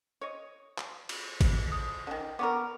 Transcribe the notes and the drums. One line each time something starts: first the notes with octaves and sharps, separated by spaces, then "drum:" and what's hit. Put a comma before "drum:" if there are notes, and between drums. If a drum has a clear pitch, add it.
C#5 D#5
drum: clap
drum: cymbal
drum: kick G#1, cymbal
D#6
D3 D#3
B3 F4 A#4 A#5 C#6 D6